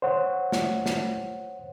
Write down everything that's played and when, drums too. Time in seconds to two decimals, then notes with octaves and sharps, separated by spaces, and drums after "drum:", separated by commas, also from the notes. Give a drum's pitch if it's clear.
0.02 C5 C#5 F#5
0.52 drum: snare
0.86 drum: snare